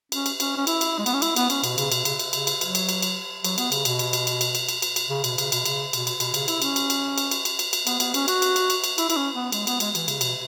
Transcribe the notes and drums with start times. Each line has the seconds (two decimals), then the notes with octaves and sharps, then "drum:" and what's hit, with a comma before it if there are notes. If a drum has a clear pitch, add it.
0.12 C#4, drum: cymbal
0.26 drum: cymbal
0.40 C#4, drum: cymbal
0.57 C#4
0.67 E4, drum: cymbal
0.81 drum: cymbal
0.98 G#3
1.06 B3, drum: cymbal
1.14 C#4
1.22 E4, drum: cymbal
1.36 B3, drum: cymbal
1.50 C#4, drum: cymbal
1.64 B2, drum: cymbal
1.78 C#3, drum: cymbal
1.92 B2, drum: cymbal
2.05 C#3, drum: cymbal
2.19 drum: cymbal
2.33 C#3, drum: cymbal
2.47 drum: cymbal
2.61 F#3, drum: cymbal
2.75 drum: cymbal
2.89 drum: cymbal
3.02 drum: cymbal
3.44 F#3, drum: cymbal
3.58 B3, drum: cymbal
3.72 C#3, drum: cymbal
3.85 B2, drum: cymbal
3.99 drum: cymbal
4.13 drum: cymbal
4.27 drum: cymbal
4.41 drum: cymbal
4.55 drum: cymbal
4.69 drum: cymbal
4.82 drum: cymbal
4.96 drum: cymbal
5.10 C#3
5.24 B2, drum: cymbal
5.38 C#3, drum: cymbal
5.52 B2, drum: cymbal
5.65 C#3, drum: cymbal
5.93 B2, drum: cymbal
6.07 drum: cymbal
6.20 B2, drum: cymbal
6.34 C#3, drum: cymbal
6.48 E4, drum: cymbal
6.62 C#4, drum: cymbal
6.76 drum: cymbal
6.90 drum: cymbal
7.18 drum: cymbal
7.31 drum: cymbal
7.45 drum: cymbal
7.59 drum: cymbal
7.73 drum: cymbal
7.87 B3, drum: cymbal
8.00 B3, drum: cymbal
8.14 C#4, drum: cymbal
8.28 F#4, drum: cymbal
8.42 drum: cymbal
8.56 drum: cymbal
8.70 drum: cymbal
8.84 drum: cymbal
8.98 E4, drum: cymbal
9.10 E4, drum: cymbal
9.16 C#4
9.35 B3
9.52 G#3, drum: cymbal
9.67 B3, drum: cymbal
9.80 G#3, drum: cymbal
9.95 E3, drum: cymbal
10.08 C#3, drum: cymbal
10.21 B2, drum: cymbal